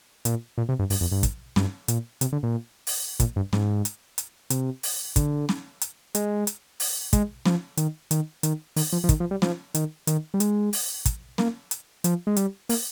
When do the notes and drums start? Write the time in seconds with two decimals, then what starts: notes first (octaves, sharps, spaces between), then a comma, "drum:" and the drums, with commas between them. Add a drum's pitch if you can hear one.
0.25 A#2, drum: hi-hat
0.58 A#2
0.69 C3
0.79 G2
0.90 G2, drum: open hi-hat
1.01 F2
1.12 G2
1.23 drum: kick, hi-hat
1.56 G2, drum: snare
1.88 A#2, drum: hi-hat
2.21 C3, drum: hi-hat
2.32 D3
2.43 A#2
2.87 drum: open hi-hat
3.20 A#2, drum: kick, hi-hat
3.36 G2
3.53 G#2, drum: snare
3.85 drum: hi-hat
4.18 drum: hi-hat
4.50 C3, drum: hi-hat
4.83 drum: open hi-hat
5.16 D3, drum: kick, hi-hat
5.49 drum: snare
5.81 drum: hi-hat
6.15 G#3, drum: hi-hat
6.47 drum: hi-hat
6.80 drum: open hi-hat
7.13 G#3, drum: kick, hi-hat
7.45 F3, drum: snare
7.77 D#3, drum: hi-hat
8.11 D#3, drum: hi-hat
8.43 D#3, drum: hi-hat
8.76 D#3, drum: open hi-hat
8.93 F3
9.04 F3
9.09 D#3, drum: kick, hi-hat
9.20 F3
9.31 G3
9.42 F3, drum: snare
9.75 D#3, drum: hi-hat
10.07 D#3, drum: hi-hat
10.34 G3
10.40 G#3, drum: hi-hat
10.73 drum: open hi-hat
11.05 drum: kick, hi-hat
11.38 A#3, drum: snare
11.71 drum: hi-hat
12.04 F3, drum: hi-hat
12.27 G#3
12.36 G3, drum: hi-hat
12.69 A#3, drum: open hi-hat